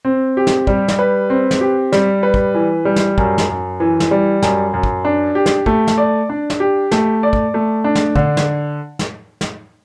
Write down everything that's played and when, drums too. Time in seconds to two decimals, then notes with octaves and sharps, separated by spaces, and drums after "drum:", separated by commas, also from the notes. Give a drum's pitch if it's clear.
0.05 C4
0.37 G4
0.47 drum: snare
0.67 G3, drum: kick
0.88 drum: snare
0.99 B4
1.30 C4
1.51 drum: snare
1.61 G4
1.92 G3, drum: snare
2.23 B4
2.34 drum: kick
2.54 E3
2.85 G3
2.96 drum: snare
3.18 F#2, drum: kick
3.38 drum: snare
3.49 F#2
3.80 E3
4.00 drum: snare
4.11 G3
4.42 F#2, drum: snare
4.74 F#2
4.83 drum: kick
5.05 D4
5.35 G4
5.46 drum: snare
5.66 A3, drum: kick
5.87 drum: snare
5.98 D5
6.29 D4
6.50 drum: snare
6.60 G4
6.91 A3, drum: snare
7.23 D5
7.33 drum: kick
7.54 A3
7.84 D4
7.95 drum: snare
8.16 D3, drum: kick
8.37 drum: snare
8.99 drum: snare
9.41 drum: snare